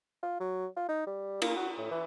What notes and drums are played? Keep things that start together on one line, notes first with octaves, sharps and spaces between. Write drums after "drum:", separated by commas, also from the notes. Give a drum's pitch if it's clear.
F4
F#3
F4
D#4
G3
A#3, drum: cymbal
F#4
A2
E3